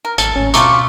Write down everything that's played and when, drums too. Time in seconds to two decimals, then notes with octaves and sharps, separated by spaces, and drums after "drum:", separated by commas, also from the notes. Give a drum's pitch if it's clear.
0.05 A#4
0.18 G#1 A4, drum: tambourine
0.36 G#1 A2 C#4
0.54 D2 B2 F#3 A3 C4 F4 C#6 D6, drum: tambourine